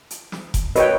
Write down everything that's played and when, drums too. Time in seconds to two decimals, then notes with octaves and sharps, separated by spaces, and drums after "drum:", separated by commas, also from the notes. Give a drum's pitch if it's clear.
0.10 drum: hi-hat
0.32 drum: snare
0.54 drum: kick F1, hi-hat
0.76 F#4 A#4 B4 C#5 D#5 G5, drum: hi-hat